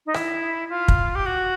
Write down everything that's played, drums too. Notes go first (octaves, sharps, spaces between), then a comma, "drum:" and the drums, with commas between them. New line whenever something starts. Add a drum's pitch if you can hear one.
D#4
E4, drum: rim click
F4
drum: kick
G4
F#4